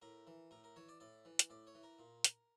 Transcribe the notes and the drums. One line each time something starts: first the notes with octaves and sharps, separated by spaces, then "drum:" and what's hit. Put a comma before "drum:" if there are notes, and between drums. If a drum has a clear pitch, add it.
A2 A#4
E3
A2 A#4
A#4
E3 C#5
D5
A2 D5
E3
drum: hi-hat
A2 D5
C#5
E3
A#4
A#2
drum: hi-hat